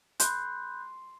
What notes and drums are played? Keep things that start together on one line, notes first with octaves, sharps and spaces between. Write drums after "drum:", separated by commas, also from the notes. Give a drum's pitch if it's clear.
B5 C6 F#6 G6, drum: hi-hat